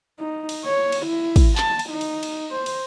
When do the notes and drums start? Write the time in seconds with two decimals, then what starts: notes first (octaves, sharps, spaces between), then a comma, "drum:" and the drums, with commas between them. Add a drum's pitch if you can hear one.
0.19 D#4
0.49 drum: cymbal
0.65 C#5
0.92 drum: cymbal
1.06 E4
1.36 drum: kick, cymbal
1.58 A5, drum: clap
1.79 drum: cymbal
1.90 D#4
2.01 drum: cymbal
2.23 drum: cymbal
2.51 C5
2.66 drum: cymbal